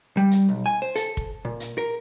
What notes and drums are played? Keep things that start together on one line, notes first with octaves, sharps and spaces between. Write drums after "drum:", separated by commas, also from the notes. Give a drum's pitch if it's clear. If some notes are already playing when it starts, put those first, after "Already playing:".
G3
drum: hi-hat
B1
G#5
C5
A4, drum: hi-hat
drum: kick
A#2
drum: hi-hat
A#4